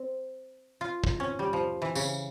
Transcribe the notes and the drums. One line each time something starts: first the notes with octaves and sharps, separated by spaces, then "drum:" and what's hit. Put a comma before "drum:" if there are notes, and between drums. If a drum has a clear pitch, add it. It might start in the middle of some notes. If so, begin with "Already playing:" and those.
Already playing: C4
F4
drum: kick
C#4
G3
F3
E3
C#3, drum: tambourine